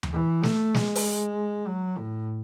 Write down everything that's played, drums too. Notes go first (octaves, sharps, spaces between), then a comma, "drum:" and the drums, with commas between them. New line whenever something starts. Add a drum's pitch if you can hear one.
drum: tom D#2
E3
A3, drum: snare
G#3, drum: snare
drum: open hi-hat
F#3
A2